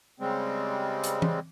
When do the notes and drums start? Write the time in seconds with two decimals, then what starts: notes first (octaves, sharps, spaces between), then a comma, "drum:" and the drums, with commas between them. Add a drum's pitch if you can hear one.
0.20 C#3 G3 G#3 C4
1.04 drum: hi-hat
1.22 drum: tom E3